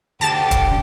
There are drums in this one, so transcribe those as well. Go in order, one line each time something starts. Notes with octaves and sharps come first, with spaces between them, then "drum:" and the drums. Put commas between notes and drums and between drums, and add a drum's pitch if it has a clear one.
D2 G4 A5 A6 E7
drum: kick, hi-hat